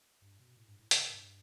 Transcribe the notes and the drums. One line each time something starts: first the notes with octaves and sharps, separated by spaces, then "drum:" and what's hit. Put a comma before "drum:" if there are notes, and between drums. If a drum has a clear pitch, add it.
G2
B2
A2
G2
A2
D3, drum: hi-hat
B2
A2
G2